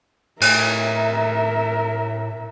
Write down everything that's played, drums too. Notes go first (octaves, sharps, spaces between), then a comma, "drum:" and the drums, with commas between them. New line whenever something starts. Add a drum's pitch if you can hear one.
A2 A#4 E5, drum: cymbal